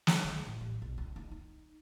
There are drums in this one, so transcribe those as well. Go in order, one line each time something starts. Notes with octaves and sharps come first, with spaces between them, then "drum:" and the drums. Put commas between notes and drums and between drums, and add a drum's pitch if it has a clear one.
drum: snare
G#3
A1
G3
B1
C#2
D#4
D#4